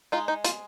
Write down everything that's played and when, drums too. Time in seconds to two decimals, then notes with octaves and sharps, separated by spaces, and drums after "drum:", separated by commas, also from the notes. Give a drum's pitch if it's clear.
0.12 G#3 D#4 F4
0.28 D#4
0.44 F4, drum: hi-hat